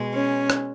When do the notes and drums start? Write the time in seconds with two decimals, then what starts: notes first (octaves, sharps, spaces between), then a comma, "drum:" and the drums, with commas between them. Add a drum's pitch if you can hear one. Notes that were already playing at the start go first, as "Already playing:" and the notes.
Already playing: B2 G#3
0.13 C#4
0.50 drum: rim click